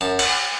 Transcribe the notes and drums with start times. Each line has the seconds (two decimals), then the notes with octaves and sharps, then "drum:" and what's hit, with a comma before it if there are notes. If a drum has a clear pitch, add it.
0.01 F#2 A5
0.19 F#5 A5, drum: cymbal